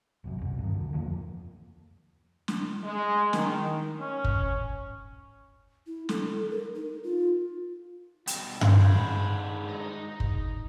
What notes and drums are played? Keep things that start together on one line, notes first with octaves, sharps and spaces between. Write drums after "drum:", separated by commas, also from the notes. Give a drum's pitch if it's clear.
G1 C2 F#2
D#1 C2
G2 D#3
D2
F2 F3 G3 A#3
drum: snare
G#3
D#3, drum: snare
C#4
drum: kick
E4
A4, drum: snare
A#4
D#4
F4
B2 G3 G5, drum: hi-hat
G#2 D4 F5 C6 G6 G#6, drum: tom G2
B5
D#4 D#5
drum: kick